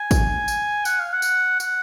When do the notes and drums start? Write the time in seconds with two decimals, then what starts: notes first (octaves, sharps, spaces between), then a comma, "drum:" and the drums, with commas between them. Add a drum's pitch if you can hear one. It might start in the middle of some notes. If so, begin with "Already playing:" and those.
Already playing: G#5
0.11 drum: kick, tambourine
0.48 drum: tambourine
0.85 F#5, drum: tambourine
0.99 F5
1.13 F#5
1.22 drum: tambourine
1.60 F#5, drum: tambourine